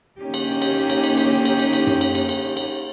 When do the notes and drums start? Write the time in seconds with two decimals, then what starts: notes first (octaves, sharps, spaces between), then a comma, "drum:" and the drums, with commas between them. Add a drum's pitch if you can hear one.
0.20 D3 A#3 C#4 D#4 G4
0.34 drum: cymbal
0.62 drum: cymbal
0.89 drum: cymbal
1.03 drum: cymbal
1.17 drum: cymbal
1.45 drum: cymbal
1.59 drum: cymbal
1.73 drum: cymbal
1.87 drum: tom F#2
2.01 drum: cymbal
2.15 drum: cymbal
2.29 drum: cymbal
2.57 drum: cymbal